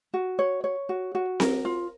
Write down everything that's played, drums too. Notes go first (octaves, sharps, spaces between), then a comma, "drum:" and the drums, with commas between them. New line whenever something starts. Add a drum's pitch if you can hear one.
F#4
C#5
C#5
F#4
F#4
A#4, drum: snare C4
F4